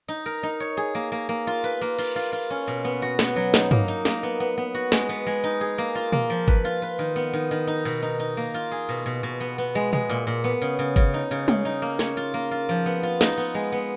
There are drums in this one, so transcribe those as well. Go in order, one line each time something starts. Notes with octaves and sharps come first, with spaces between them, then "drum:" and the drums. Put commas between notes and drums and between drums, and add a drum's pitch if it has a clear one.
D#4
A#4
D#4
C#5
G#4
A#3
A#3
A#3
F4
B4
A#3
F4, drum: cymbal
F4
F4
C#4
B2
B3
F#4
B3, drum: snare
F#3
D#4, drum: snare
A#3, drum: tom
D#4
A#3, drum: snare
B3
B3
B3
F#4
G#3, drum: snare
B3
G#3
D#4
G#4
A#3
F4
A#3, drum: tom A#2
F3
B4, drum: kick G1
F4
B4
D#3
B3
D#3
D#3
D#4
B2
D#4
D#4
A#3
F4
G#4
B2
B2
B2
B3
B3
G#3
G#3, drum: tom A#2
A#2
A#2
B3
C#3
C#3
C#3, drum: kick G1
D#4
C#3
C#3, drum: tom G3
D#4
A#3
C#5, drum: snare
F4
A#3
F4
F3
B3
F4
D#4, drum: snare
B3
G#3
B3